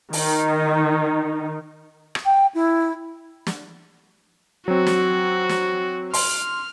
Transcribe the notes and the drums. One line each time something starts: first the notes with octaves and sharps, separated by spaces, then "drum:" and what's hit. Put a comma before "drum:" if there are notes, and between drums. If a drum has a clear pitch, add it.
D#3 D#4, drum: open hi-hat
drum: rim click
G5
E4
drum: snare
F#3 C4 F#4
drum: snare
drum: snare
C6 F6, drum: open hi-hat